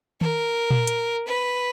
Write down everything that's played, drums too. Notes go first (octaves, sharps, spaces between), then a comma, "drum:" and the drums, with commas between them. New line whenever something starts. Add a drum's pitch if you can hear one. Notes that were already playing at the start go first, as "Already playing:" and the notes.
A#4, drum: tom D#3
drum: tom A#2
drum: hi-hat
B4